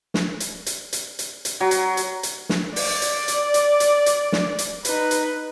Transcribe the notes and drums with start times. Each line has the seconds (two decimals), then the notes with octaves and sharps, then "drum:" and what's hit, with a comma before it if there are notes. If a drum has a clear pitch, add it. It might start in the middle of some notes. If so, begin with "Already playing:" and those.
0.14 drum: snare
0.40 drum: hi-hat
0.66 drum: hi-hat
0.93 drum: hi-hat
1.19 drum: hi-hat
1.45 drum: hi-hat
1.60 F#3
1.71 drum: hi-hat
1.97 drum: hi-hat
2.23 drum: hi-hat
2.49 drum: snare
2.76 D5, drum: open hi-hat
3.02 drum: hi-hat
3.28 drum: hi-hat
3.54 drum: hi-hat
3.80 drum: hi-hat
4.06 drum: hi-hat
4.32 drum: snare
4.59 drum: hi-hat
4.85 D#4 B4, drum: hi-hat
5.11 drum: hi-hat